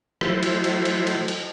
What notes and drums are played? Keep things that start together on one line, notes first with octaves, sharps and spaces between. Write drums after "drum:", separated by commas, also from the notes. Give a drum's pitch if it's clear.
F3 F#3 A3 E4 C5, drum: rim click
drum: cymbal
drum: cymbal
drum: cymbal
drum: cymbal
drum: cymbal